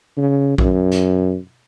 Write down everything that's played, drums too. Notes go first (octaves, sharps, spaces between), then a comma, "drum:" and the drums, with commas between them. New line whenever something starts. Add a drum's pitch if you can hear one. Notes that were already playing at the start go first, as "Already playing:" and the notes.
C#3
F#2, drum: kick A#1
drum: hi-hat